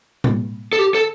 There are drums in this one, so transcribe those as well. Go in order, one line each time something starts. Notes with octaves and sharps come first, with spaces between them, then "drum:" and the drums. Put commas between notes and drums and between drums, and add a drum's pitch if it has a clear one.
drum: tom A2
A4
G4
A4